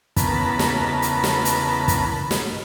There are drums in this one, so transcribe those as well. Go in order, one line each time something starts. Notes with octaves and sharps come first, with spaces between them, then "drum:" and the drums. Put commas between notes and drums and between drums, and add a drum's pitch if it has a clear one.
E2 C#3 B3 A#4 A5 B5, drum: kick, hi-hat
drum: snare
drum: hi-hat
drum: snare
drum: hi-hat
drum: kick, hi-hat
drum: snare